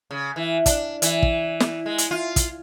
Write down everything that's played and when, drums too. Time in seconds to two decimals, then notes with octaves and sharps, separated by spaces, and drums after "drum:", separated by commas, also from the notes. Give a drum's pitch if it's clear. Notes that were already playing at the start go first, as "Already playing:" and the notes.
0.11 C#3
0.36 E3
0.66 D4, drum: kick, hi-hat
1.02 E3, drum: hi-hat
1.23 drum: kick
1.60 drum: snare
1.86 G#3
1.98 drum: hi-hat
2.11 F4
2.36 drum: kick, hi-hat